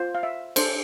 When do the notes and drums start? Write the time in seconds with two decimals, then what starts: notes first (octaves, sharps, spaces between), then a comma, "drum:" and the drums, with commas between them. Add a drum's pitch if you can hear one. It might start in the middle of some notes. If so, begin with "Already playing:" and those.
Already playing: F4 C5
0.15 F5
0.23 E5
0.56 D4 A4 C5, drum: cymbal